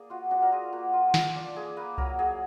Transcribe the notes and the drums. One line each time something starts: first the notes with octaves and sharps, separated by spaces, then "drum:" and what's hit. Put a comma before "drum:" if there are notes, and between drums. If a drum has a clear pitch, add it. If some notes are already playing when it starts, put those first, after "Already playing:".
Already playing: A#3 G#4 D5
F4 F#4
D4 F#4
A#4
F4 G#4
A#3 F#4
F4
F4, drum: snare
D4
A#3 G#4
A#3 B4
F#3 A#4, drum: kick C2
F#3 G#4